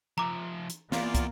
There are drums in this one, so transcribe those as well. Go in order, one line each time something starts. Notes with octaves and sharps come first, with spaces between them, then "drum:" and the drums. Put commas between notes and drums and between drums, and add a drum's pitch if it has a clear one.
F3 E5 A#5 D6
drum: hi-hat
E2 A#3 F4 D5, drum: snare
drum: kick, hi-hat